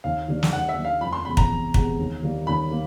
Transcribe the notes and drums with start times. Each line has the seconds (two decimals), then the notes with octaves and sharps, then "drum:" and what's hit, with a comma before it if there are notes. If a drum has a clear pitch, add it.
0.04 D#2 F5
0.28 D#3 G3 A#3 D4
0.43 drum: snare
0.52 D#2 F#5
0.69 E5
0.76 D#3 G3 A#3 D4
0.85 F5
1.01 F2 B5
1.13 C6
1.25 C3 E3 G#3 B3 B5
1.37 A#5, drum: kick
1.49 F2
1.74 C3 E3 G#3 B3, drum: kick
1.99 D#2
2.22 D#3 G3 A#3
2.47 D#2 B5
2.71 A#3